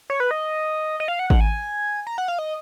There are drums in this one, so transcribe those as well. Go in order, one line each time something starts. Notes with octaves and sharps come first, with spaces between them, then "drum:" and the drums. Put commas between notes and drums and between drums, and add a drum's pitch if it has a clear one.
C#5
B4
D#5
D#5
F5
F#5
F#5, drum: kick G#1
G#5
A#5
F#5
F5
D#5